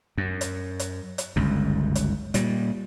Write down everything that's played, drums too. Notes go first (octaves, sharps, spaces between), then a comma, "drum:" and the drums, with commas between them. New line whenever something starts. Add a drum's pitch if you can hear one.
F#2
drum: hi-hat
drum: hi-hat
drum: hi-hat
G1 C#2 F#2
drum: hi-hat
A#2 G3, drum: hi-hat